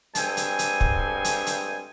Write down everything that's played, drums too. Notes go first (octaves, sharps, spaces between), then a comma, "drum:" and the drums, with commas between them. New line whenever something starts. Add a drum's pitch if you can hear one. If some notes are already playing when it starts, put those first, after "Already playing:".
G2 G#3 C4 A4 G#5, drum: hi-hat
drum: hi-hat
drum: hi-hat
drum: kick
drum: hi-hat
drum: hi-hat